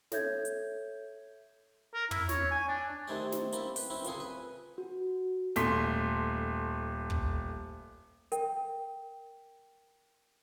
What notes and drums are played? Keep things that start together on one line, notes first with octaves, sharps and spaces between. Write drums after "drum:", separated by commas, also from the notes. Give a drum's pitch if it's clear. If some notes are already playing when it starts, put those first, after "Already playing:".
A4 C#5 E5 G6 G#6, drum: snare
drum: hi-hat
A#4
E4, drum: tom
C#5, drum: snare
G#5
D4
C3 D#3 A3 C4 G4
drum: snare
A#3 C4 C#4 E4, drum: hi-hat
B4 G5, drum: open hi-hat
C4 C#4 E4
A#2 C#3 C4 C#4 G#4 A4, drum: hi-hat
B4 G#5
F#4
D#1 A3 C6 B6, drum: snare
drum: kick
A#4 G5, drum: hi-hat